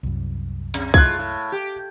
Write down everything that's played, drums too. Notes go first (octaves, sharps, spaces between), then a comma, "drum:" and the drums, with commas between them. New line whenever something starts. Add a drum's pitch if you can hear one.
C2 F#2
C3, drum: hi-hat
A2 G#3 F4 F#6 G#6, drum: kick C2
A2
G4